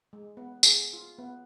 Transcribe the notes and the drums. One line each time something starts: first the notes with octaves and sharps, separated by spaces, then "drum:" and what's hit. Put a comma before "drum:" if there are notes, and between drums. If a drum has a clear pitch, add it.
G#3
B3
G#4, drum: tambourine
F4
B3